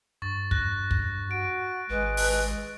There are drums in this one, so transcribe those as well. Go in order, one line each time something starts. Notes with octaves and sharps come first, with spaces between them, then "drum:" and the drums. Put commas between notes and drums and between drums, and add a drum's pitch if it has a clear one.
G2 C#6 A6
F#6 A#6, drum: kick
drum: kick
F#4 D7
G#1 G#3 B4
drum: open hi-hat